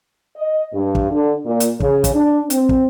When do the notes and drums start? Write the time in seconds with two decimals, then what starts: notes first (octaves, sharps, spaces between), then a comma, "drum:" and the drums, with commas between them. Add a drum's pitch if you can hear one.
0.36 D#5
0.73 G2
0.95 drum: kick
1.10 D3
1.46 A#2
1.60 drum: hi-hat
1.80 C#3, drum: kick
2.04 drum: kick, hi-hat
2.14 D4
2.50 C4, drum: hi-hat
2.69 drum: kick